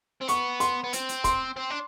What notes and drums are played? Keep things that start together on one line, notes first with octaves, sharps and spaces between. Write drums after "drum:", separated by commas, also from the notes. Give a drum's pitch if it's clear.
C4
B3 C#6, drum: hi-hat
C6, drum: hi-hat
B3
C4, drum: hi-hat
drum: hi-hat
C6, drum: kick, hi-hat
C4
D4